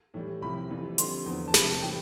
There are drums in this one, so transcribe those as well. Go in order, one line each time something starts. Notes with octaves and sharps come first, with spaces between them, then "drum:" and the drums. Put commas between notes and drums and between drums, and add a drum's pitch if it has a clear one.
A2 E3 G3
C2 C3 F3 B5
F2 E3 G3
F2 D3 G3 C6, drum: hi-hat
E2 D3 F3
A5
F2 C3 F3 B5, drum: snare
A2 E3 G3 G5